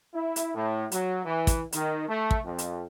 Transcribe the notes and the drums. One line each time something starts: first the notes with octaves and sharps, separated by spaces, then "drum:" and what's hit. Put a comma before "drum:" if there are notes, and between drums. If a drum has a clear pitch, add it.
E4
drum: hi-hat
A2
F#3, drum: hi-hat
E3
drum: kick, hi-hat
D#3, drum: hi-hat
A3
drum: kick
F2
drum: hi-hat